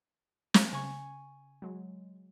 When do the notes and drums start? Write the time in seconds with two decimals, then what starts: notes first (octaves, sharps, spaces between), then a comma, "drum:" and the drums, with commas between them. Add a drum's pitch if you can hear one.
0.54 drum: snare
0.73 C#3 G#5 C#6
1.62 F#3 G#3